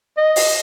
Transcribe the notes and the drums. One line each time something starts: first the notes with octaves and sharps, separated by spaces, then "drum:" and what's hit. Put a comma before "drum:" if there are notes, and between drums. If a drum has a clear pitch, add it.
D#5
drum: open hi-hat